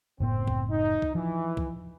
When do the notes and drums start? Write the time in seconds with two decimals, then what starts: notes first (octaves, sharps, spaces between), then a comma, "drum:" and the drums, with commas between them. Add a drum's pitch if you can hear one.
0.20 F#1 A2 B3 C4
0.47 drum: kick
0.71 D#4
1.02 drum: kick
1.15 E3 F3
1.57 drum: kick